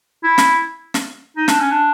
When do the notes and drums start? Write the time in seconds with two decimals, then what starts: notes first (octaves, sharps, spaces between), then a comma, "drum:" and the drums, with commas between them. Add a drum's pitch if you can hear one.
0.24 E4
0.38 drum: snare
0.94 drum: snare
1.37 D#4
1.48 D4, drum: snare
1.60 C#4
1.72 D4